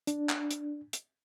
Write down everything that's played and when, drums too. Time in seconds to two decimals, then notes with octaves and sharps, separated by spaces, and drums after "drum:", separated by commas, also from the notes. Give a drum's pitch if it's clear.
0.07 D4, drum: hi-hat
0.29 drum: clap
0.51 drum: hi-hat
0.93 drum: hi-hat